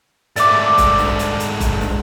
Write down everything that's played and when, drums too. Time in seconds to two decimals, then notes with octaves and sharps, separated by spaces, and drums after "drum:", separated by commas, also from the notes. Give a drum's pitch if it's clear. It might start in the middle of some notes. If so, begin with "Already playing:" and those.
0.36 G#2 A3 D5 E5 D6, drum: hi-hat
0.78 drum: kick, hi-hat
0.98 drum: snare
1.19 drum: hi-hat
1.40 drum: hi-hat
1.60 drum: kick, hi-hat
1.81 drum: snare